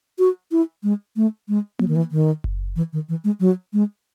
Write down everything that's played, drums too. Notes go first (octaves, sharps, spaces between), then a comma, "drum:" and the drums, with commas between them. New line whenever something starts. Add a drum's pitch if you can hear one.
F#4
E4
G#3
A3
G#3
F#3, drum: tom A#3
D#3
E3
D#3
drum: kick F#1
E3
D#3
E3
G#3
F#3
G#3